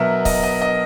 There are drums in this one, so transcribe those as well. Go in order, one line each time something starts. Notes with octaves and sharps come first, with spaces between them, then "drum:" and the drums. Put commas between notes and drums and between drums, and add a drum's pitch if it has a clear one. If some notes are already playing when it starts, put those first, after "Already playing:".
Already playing: B2 F#3 B3 A#4 E5
D#5, drum: kick C#1, open hi-hat
D#5
D#5